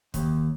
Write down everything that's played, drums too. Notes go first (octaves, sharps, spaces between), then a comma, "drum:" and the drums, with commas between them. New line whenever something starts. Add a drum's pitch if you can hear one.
D#2, drum: kick, hi-hat